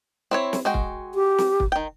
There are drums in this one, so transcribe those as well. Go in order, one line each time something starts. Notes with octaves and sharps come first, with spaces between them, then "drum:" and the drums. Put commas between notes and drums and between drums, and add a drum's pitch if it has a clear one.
C4 E4 C#5
drum: snare
G#3 F#4 G5
drum: kick
G4
drum: snare
drum: kick
D#3 G5